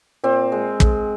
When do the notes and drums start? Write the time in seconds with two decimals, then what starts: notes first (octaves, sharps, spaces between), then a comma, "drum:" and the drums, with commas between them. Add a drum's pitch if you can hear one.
0.24 A#2 C4
0.52 G#3
0.80 G#3, drum: kick